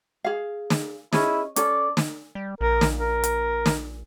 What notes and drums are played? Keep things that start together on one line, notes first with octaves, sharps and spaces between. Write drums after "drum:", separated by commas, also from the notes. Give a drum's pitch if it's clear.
G#4 F5
drum: snare
C#4 E4 G#4 D#5, drum: snare
C#4 A4 D5, drum: hi-hat
drum: snare
G3
A#1 A#4
drum: snare
A#4
drum: hi-hat
drum: snare